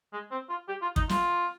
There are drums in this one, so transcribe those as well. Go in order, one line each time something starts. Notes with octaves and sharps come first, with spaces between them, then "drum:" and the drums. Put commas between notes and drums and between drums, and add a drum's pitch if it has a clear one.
G#3
C4
F4
G4
F4
D#4, drum: kick
F4, drum: snare